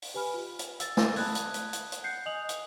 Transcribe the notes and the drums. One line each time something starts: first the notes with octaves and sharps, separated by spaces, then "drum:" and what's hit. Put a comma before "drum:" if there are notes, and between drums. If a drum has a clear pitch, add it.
drum: open hi-hat
G4 B4 G#5 B5 F6
F4
drum: hi-hat
E6 A6, drum: hi-hat
drum: snare
A5 B5 D#6 F#6 G#6, drum: open hi-hat
drum: hi-hat
drum: hi-hat
drum: hi-hat
drum: hi-hat
F#5 F#6 G6 C7 C#7
D#5 G#5 D#6 F7 F#7
drum: hi-hat